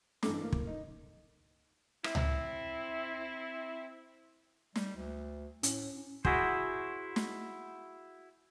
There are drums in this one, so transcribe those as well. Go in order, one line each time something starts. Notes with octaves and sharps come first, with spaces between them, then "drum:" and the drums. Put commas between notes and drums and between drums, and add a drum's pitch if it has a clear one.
A1 G2 A4 D6, drum: snare
A#3
drum: kick
D#4
C4 E4, drum: rim click
drum: tom C#2
G3, drum: snare
D2
A2 C#4, drum: hi-hat
E4 F#4 G#4 C5, drum: kick
drum: snare